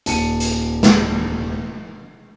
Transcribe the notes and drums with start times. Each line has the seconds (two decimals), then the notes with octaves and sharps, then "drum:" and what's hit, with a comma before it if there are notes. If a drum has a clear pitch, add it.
0.06 D#1 A5 C#7 D#7, drum: hi-hat
0.40 drum: hi-hat
0.83 drum: snare